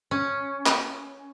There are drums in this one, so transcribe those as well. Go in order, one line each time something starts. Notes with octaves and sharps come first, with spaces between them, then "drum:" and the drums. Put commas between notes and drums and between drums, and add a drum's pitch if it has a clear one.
C#4
drum: clap